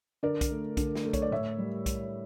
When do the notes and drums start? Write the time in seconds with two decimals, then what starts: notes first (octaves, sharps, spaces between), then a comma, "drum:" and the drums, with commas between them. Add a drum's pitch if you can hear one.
0.23 D3 A#4 D5
0.41 drum: kick B1, hi-hat
0.51 A3
0.77 D3, drum: kick B1, hi-hat
0.95 drum: snare
1.05 A3
1.13 C#5, drum: kick B1, hi-hat
1.22 D5
1.31 A2 C#5 E5
1.58 G3
1.86 drum: kick B1, hi-hat